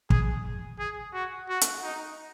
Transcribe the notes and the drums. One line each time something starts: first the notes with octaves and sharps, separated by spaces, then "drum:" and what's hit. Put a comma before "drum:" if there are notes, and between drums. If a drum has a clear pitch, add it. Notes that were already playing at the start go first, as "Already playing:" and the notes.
G#4, drum: kick
G#4
F#4
F#4
drum: hi-hat
D#4